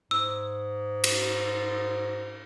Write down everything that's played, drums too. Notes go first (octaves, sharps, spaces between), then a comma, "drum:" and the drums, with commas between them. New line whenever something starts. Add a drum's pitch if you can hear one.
G#2 E6
drum: cymbal